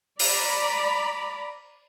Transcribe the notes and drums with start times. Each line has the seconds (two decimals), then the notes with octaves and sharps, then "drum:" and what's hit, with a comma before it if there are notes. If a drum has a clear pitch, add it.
0.19 D5 A#5 B5, drum: open hi-hat